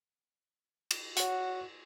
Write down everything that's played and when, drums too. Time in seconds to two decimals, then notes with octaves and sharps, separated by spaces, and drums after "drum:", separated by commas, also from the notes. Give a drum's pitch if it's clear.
0.91 drum: cymbal
1.17 F#4 C#5 F#5, drum: hi-hat